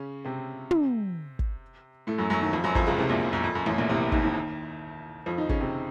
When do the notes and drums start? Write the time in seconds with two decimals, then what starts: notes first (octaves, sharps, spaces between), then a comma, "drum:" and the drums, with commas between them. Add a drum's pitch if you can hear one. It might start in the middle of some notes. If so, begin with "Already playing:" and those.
Already playing: C#3 C#4
0.25 C3 C4
0.71 drum: tom
1.39 drum: kick
2.07 A2 A3
2.18 F#2 F#3
2.30 F#2 F#3
2.41 D#2 D#3
2.53 F2 F3
2.64 F#2 F#3
2.75 F2 F3, drum: kick
2.87 C#2 C#3
2.99 C2 C3
3.09 A#1 A#2
3.33 F#2
3.44 F2
3.55 F#2
3.66 A1 A2
3.78 A#1 A#2
3.89 C2 C3
4.12 D#2 D#3, drum: kick
4.23 D#2 D#3
5.26 F2 F3
5.38 D#3 D#4
5.49 C#3 C#4, drum: kick
5.60 C3 C4